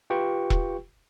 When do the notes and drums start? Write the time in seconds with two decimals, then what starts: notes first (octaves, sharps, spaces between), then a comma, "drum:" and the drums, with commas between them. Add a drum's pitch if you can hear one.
0.10 F4 G4 B4 G5 C#6
0.50 drum: kick E1